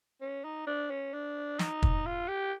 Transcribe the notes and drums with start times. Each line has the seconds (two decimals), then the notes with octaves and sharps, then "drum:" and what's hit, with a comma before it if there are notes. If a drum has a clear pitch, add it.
0.21 C#4
0.44 D#4
0.67 D4
0.90 C#4
1.13 D4
1.59 D#4, drum: snare
1.83 drum: kick
2.06 F4
2.29 G4